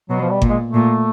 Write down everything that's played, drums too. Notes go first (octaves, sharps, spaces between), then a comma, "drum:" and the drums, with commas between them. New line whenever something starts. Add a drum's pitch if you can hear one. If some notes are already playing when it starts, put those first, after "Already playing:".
B2 F#3
F3
G3
A#2, drum: kick G1
G#3
A3
A#2